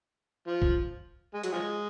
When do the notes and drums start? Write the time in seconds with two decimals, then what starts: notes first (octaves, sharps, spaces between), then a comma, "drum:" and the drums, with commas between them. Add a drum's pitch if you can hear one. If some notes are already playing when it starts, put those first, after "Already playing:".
0.47 F3
0.62 drum: kick
1.34 G#3
1.44 F#3, drum: hi-hat
1.52 F3 G#3